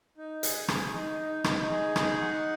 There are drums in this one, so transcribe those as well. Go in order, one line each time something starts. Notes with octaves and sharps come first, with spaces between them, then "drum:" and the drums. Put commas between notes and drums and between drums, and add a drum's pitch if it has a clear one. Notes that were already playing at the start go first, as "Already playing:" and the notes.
D#4
G#4, drum: hi-hat
G#4, drum: rim click
D#4
D#4
D#4, drum: rim click
G#4
D#4, drum: rim click
F#5